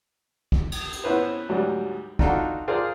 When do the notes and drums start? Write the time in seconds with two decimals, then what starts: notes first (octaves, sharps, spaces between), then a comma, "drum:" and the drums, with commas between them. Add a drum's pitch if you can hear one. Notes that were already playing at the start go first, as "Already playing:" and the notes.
0.52 drum: kick
0.72 drum: cymbal
0.92 drum: hi-hat
1.04 B3 C#4 E4 B4 C5
1.49 D2 G#2 F#3 G3
2.19 D4 D#4 F4 F#4 A4, drum: kick
2.68 F4 G#4 A#4 C5 D5 F5